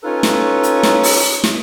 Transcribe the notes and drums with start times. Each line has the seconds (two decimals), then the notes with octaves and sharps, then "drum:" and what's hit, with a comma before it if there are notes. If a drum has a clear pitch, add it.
0.03 C#4 D#4 F4 A4 B4 C#5
0.23 drum: snare
0.63 drum: hi-hat
0.83 drum: snare
1.03 drum: open hi-hat
1.44 drum: snare